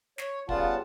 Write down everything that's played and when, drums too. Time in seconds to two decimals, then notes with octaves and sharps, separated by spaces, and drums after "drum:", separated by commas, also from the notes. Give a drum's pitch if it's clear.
0.18 C#5, drum: snare
0.49 C#3 G3 B3 F4 F#5 A5, drum: kick